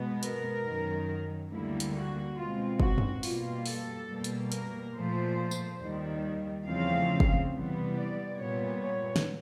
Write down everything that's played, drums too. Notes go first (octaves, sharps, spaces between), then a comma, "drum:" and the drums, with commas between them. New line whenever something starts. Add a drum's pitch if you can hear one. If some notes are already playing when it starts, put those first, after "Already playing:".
Already playing: B2 G#3 B3
A#4, drum: hi-hat
F#2 D#3 F#3
D2 D3 G3 A#3 E4
drum: hi-hat
F#4
B2 G#3 C4 F4
F#4, drum: kick
drum: tom F#2
B2 G3 A#3 F4, drum: open hi-hat
A4, drum: open hi-hat
B2 G3 A#3
drum: hi-hat
A#4, drum: hi-hat
A#2 F3 A3 C5
drum: tambourine
D#2 D#3 G3
E2 C#3 F3 A3 C4 F5
drum: kick
C3 E3 G3 B3
D5
A#2 G3 B3 C#5
C#5
drum: snare